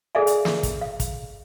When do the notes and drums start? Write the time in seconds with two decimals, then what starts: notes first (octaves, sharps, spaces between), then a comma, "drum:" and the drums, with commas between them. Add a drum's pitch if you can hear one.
0.15 G#4 A4 D5 E5 F5 G#5
0.27 drum: hi-hat
0.45 drum: snare
0.63 drum: kick, hi-hat
0.81 F5
1.00 drum: kick, hi-hat